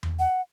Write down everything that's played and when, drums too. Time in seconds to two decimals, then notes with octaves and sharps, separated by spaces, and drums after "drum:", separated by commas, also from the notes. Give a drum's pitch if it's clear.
0.03 drum: tom E2
0.19 F#5